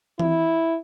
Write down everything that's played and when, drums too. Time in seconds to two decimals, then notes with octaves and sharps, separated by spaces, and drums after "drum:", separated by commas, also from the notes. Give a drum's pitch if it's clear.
0.19 E4, drum: tom E3